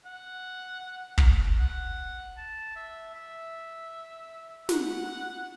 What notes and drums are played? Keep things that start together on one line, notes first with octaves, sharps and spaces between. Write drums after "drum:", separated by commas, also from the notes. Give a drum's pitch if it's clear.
F#5
drum: kick
F#5
A5
E5
E5
F#5, drum: snare